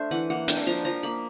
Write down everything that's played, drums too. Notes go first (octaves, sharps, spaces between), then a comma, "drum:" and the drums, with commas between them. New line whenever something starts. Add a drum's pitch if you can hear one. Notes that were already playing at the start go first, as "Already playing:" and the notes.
Already playing: A3 D4 C5 E5
E3 F#5
A#3 F#5
D4 G5, drum: hi-hat
F3 A#5
F3 A#5
A#3 B5